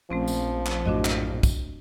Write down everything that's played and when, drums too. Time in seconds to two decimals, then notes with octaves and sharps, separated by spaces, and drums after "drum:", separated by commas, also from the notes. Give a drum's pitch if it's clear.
0.10 A#1 F3 A3 C4 C#4
0.28 drum: tambourine
0.66 drum: clap
0.85 F#2 A2 D4 F#4 D#5
1.05 drum: clap
1.43 drum: kick, tambourine